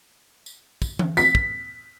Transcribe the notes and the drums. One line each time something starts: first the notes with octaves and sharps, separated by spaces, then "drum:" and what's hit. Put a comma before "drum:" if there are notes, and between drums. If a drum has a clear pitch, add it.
drum: tambourine
drum: kick, tambourine
drum: tom E3
B6, drum: tambourine
drum: kick